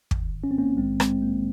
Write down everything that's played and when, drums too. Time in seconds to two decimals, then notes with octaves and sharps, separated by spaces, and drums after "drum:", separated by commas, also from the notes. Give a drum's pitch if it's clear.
0.11 G#1 G#2 D#3, drum: kick
0.44 C#4
0.51 C4
0.58 A#3 C#4
0.77 A#1 G#2 D#3 G#3 C4
1.00 G#3 C4, drum: rim click
1.22 A#3